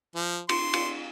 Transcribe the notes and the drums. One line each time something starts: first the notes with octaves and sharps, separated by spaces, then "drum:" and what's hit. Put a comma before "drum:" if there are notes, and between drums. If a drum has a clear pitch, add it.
F3
C6, drum: cymbal
drum: cymbal